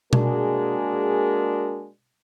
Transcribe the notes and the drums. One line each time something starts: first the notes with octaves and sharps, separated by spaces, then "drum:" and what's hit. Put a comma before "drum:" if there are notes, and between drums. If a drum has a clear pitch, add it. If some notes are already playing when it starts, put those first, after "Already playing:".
G#3 A#3 D4 F#4 G#4 A#4, drum: tom B2